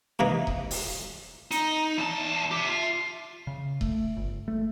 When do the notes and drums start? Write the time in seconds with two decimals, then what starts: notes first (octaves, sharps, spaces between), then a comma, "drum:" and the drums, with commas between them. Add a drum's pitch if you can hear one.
0.19 C3 E3 A#3 D#4
0.47 drum: kick D#1
0.71 drum: open hi-hat
1.51 D#4, drum: hi-hat
1.98 E2 A5
2.51 G4 E5
2.68 F4
3.47 C#3
3.81 A3, drum: kick D#1
4.17 G1
4.48 A3